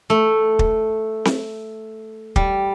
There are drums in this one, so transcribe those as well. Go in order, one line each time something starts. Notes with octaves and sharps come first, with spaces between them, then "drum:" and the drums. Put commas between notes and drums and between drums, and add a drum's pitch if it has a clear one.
A3
drum: kick
drum: snare C4
G3, drum: kick